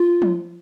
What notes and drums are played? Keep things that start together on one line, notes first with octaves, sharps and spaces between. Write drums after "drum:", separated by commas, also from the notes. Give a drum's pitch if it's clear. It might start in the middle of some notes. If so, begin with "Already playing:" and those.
Already playing: F4
drum: tom F3